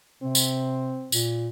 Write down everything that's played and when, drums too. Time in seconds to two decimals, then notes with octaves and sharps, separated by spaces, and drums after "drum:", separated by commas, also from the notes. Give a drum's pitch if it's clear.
0.23 C3 C4
0.35 drum: tambourine
1.12 A#2, drum: tambourine